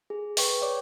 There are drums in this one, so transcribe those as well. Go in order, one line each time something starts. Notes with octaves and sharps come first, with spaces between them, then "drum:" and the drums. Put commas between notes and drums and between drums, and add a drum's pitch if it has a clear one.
G#4
B4 G5 C#6, drum: open hi-hat
C#5 D5 D6